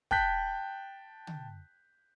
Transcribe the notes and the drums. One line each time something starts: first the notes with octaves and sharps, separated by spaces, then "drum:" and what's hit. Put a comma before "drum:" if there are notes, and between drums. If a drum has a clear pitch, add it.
G5 A5 F#6 G6 B6, drum: kick
drum: tom